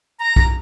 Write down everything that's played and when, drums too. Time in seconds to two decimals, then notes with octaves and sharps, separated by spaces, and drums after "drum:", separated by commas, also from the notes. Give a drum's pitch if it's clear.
0.20 A#5
0.36 drum: kick B1